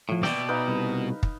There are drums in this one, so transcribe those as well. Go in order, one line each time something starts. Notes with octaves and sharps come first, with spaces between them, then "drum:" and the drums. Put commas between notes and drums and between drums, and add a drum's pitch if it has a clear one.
A2 F3
B2 D5 E5 G5, drum: snare
D#4 B4 F5
C2
drum: kick